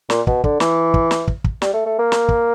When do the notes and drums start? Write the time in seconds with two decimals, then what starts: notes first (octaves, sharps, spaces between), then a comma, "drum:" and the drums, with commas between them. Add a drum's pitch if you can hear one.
0.10 A#2, drum: snare
0.27 B2, drum: kick
0.44 D3, drum: kick
0.60 E3, drum: snare
0.94 drum: kick
1.11 drum: snare
1.28 drum: kick
1.44 drum: kick
1.62 G3, drum: snare
1.73 A3
1.86 A3
1.99 A#3
2.12 drum: snare
2.29 drum: kick